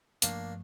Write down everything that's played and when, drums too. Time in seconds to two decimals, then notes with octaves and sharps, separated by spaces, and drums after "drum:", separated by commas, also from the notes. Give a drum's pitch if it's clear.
0.22 G2 F3 A3 A#3 D4, drum: hi-hat